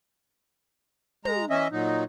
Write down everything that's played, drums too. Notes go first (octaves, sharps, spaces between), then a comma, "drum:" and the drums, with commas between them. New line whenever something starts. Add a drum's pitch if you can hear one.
G#3 A#5, drum: tom
E3 C#4 D#5 E5
A#2 F#3 D#4